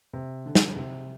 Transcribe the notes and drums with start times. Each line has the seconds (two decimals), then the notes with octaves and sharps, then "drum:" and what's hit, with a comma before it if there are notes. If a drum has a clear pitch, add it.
0.13 C3
0.46 D3
0.55 drum: snare
0.76 C3